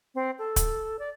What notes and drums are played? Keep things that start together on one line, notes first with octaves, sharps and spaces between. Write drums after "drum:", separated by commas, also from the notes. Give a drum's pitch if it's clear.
C4
A4
drum: kick, hi-hat
D5